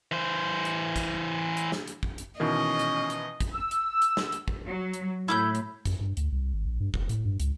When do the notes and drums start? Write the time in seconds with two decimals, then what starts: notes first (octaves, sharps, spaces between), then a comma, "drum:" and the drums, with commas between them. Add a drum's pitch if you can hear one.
0.12 E3 C5
0.65 drum: hi-hat
0.96 drum: kick, hi-hat
1.57 drum: hi-hat
1.72 drum: snare
1.87 drum: hi-hat
2.03 drum: kick
2.18 drum: hi-hat
2.40 B2 D#3 E3 C#4 D#5
2.79 drum: hi-hat
3.10 drum: hi-hat
3.41 drum: kick, hi-hat
3.53 E6
3.71 drum: hi-hat
4.02 drum: hi-hat
4.17 drum: snare
4.32 drum: hi-hat
4.48 drum: kick
4.66 F#3
4.94 drum: hi-hat
5.28 A2 E4 B5 D6 G6 G#6
5.55 drum: hi-hat
5.85 F#2, drum: kick, hi-hat
6.01 G2
6.17 D2, drum: hi-hat
6.32 C2
6.53 G#1
6.65 A#1
6.80 G2
6.94 F1, drum: kick
7.09 A2, drum: hi-hat
7.25 G2
7.40 C#2, drum: hi-hat